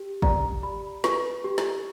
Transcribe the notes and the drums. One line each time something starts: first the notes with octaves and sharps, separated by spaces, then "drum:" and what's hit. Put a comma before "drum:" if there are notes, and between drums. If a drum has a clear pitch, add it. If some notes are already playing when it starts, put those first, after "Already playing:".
Already playing: G4
D5 A#5, drum: kick
G4 B5
B4 C#6, drum: snare
G4
drum: snare